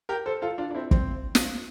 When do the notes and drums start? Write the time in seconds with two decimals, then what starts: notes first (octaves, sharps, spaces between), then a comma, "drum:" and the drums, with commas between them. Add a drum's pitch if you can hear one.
0.09 G4 A#4
0.26 A4 C5
0.42 F4 A4
0.58 D4 F4
0.71 D4
0.74 C4 E4
0.91 C4, drum: kick
1.35 drum: snare